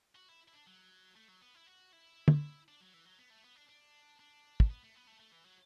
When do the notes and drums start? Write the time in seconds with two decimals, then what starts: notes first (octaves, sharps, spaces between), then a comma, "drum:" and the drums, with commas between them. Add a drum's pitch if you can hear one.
0.16 F#4
0.29 E4
0.48 E4
0.53 D4
0.67 F#3
1.16 A3
1.29 F#3
1.42 B3
1.55 E4
1.67 F#4
1.93 E4
2.28 drum: tom
2.68 D4
2.81 F#3
2.94 E3
3.06 F#3
3.19 B3
3.30 A3
3.44 B3
3.56 D4
3.69 D4
4.19 D4
4.60 drum: kick
4.70 B3
4.82 A3
4.95 B3
5.07 A3
5.20 A3
5.32 E3
5.45 F#3